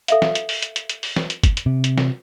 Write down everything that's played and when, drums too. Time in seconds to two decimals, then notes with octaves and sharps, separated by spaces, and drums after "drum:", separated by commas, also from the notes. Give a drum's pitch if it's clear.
0.08 A4 E5 F5, drum: hi-hat
0.22 drum: snare
0.35 drum: hi-hat
0.49 drum: open hi-hat
0.62 drum: hi-hat
0.76 drum: hi-hat
0.89 drum: hi-hat
1.03 drum: open hi-hat
1.16 drum: snare
1.30 drum: hi-hat
1.43 drum: kick, hi-hat
1.57 drum: hi-hat
1.66 C3
1.84 drum: hi-hat
1.98 drum: snare